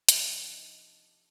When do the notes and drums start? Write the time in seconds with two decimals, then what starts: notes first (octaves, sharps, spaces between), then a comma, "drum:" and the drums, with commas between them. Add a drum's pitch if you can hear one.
0.09 C3 F3 A3 C4 D#4, drum: hi-hat
0.27 D4
0.46 D#4